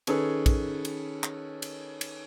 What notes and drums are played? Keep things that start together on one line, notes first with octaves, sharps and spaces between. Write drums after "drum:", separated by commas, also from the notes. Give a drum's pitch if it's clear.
D#3 C#4 G#4 A4 B4, drum: cymbal
drum: kick A#1, cymbal
drum: cymbal
drum: clap
drum: cymbal
drum: cymbal